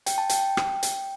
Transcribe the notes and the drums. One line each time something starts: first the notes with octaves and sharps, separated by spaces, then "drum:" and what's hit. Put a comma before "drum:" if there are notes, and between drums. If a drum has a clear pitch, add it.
G5, drum: hi-hat
A5
G5, drum: hi-hat
drum: rim click
drum: hi-hat